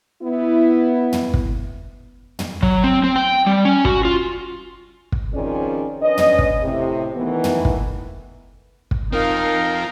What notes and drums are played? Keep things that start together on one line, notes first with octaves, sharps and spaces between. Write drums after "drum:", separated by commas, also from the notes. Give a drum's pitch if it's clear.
B3 E4
drum: tom
drum: kick
drum: tom
F#3, drum: kick
C4
C4
G5
G3
C#4
F#4, drum: kick
F4
drum: kick
D#3 F3 C4 C#4 G#4 D5
C#4 D4 B4 D#5
drum: tom
drum: kick
A2 C3
D#3 E3 A3 B3
drum: tom
drum: kick
drum: kick
C4 D#4 F4 A#4 F5